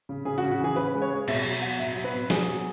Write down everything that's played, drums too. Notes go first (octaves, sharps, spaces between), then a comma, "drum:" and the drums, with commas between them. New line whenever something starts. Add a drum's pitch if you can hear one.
C#3
C#3 G#4
F#4
C#3
F#4
E3 G#4
C#3 B4
G#3
C#5
G#3
B2 E5, drum: cymbal
F#3
F#3 F#5
B2 E5
F#3
B4
B2
F#3 G#4, drum: snare
F#3